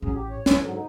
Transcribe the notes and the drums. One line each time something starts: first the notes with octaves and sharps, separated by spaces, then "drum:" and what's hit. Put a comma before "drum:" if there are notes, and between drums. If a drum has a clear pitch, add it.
A1 F#3 C#4 G#4
G4
C#5
C#3 E3, drum: snare
G#2 D3 F#3
D2 D#4